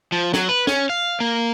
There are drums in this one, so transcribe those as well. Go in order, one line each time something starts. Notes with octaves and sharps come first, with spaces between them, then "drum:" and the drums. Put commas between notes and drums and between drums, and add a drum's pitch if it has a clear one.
F3
F#3, drum: snare
B4
C#4, drum: snare
F5
A#3